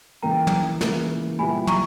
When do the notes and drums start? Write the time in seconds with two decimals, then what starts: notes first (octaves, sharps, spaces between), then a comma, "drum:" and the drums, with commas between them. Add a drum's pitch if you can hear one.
0.23 C#3 E3 A#3 G5 A#5
0.47 drum: tom
0.81 C#3 E3 A#3, drum: snare
1.38 A#2 G3 B3 E4 G4 G#5 B5
1.67 A#5 C#6, drum: tom